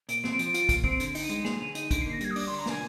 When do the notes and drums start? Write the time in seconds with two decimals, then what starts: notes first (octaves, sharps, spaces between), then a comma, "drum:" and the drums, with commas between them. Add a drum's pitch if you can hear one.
0.09 A#2 D7, drum: hi-hat
0.24 C4, drum: snare
0.31 D7
0.39 F3, drum: hi-hat
0.54 F4, drum: hi-hat
0.69 A#2, drum: kick, hi-hat
0.84 C4, drum: kick
1.00 D3 D7, drum: hi-hat
1.15 D#4, drum: open hi-hat
1.23 D#7
1.29 G#3, drum: hi-hat
1.45 G#4 F7, drum: snare
1.60 D3 D#7
1.75 D#4 D#7, drum: hi-hat
1.91 D3 D7, drum: kick, hi-hat
2.01 A#3 C7
2.13 A#6
2.21 G3 G#6, drum: hi-hat
2.31 D#6
2.36 D4 D6, drum: open hi-hat
2.47 D3 C6
2.59 A#5
2.66 A#3 G#5, drum: snare